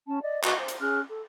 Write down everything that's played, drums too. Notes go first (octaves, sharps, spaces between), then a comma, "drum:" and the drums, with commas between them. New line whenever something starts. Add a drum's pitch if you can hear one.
C#4 A5
D5 D#5
F#4 B4 D#5 C#6, drum: clap
C5
drum: hi-hat
C#4 G#4 F6 F#6
A4